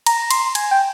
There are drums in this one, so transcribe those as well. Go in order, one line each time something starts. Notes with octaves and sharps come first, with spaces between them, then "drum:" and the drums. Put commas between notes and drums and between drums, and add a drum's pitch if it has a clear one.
A#5, drum: cymbal
A#5
C6, drum: cymbal
G#5, drum: cymbal
G5